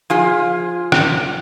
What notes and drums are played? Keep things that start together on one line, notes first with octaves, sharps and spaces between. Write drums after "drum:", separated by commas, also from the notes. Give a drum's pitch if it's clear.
F3 F4 G#4
drum: rim click